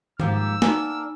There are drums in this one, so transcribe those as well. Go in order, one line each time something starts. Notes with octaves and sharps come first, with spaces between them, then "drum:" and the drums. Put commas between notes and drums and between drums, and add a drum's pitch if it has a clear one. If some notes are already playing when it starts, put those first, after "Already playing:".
G#2 F3 A#3 G4 E6, drum: tom D#3
A#3 B3 D4 D#4 A#4 G#5, drum: snare